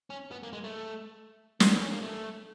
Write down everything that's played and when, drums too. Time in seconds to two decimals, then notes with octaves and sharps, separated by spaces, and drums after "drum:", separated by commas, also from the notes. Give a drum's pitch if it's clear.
0.10 C#4
0.31 B3
0.43 A#3
0.53 G#3
0.64 A3
1.60 A#3, drum: snare
1.70 B3
1.81 C#4
1.92 A#3
2.02 A3